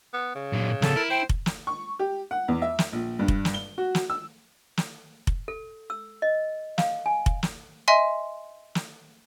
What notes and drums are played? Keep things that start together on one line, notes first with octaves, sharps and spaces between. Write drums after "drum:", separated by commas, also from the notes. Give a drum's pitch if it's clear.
B3
C#3
A#2 F#3
C#2 B3 A4, drum: snare
E4 A#4
C5 G5
drum: kick F1
drum: snare
C#6
G4
F#5
E2
E5
drum: snare
A#1
G2
drum: kick F1
drum: snare
G7
F#4
drum: snare
E6
drum: snare
drum: kick F1
A4
E6
D#5
F5, drum: snare
G#5
drum: kick F1
drum: snare
D#5 E5 G#5 C6
drum: snare